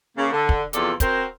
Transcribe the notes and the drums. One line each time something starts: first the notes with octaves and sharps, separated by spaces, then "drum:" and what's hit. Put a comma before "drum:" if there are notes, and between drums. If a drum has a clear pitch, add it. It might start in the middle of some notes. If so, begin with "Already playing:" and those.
C#3 A#3
D3
drum: kick
E2 C3 F3 F4 A4 D5, drum: hi-hat
C4 F#4 A#4 C5, drum: kick, hi-hat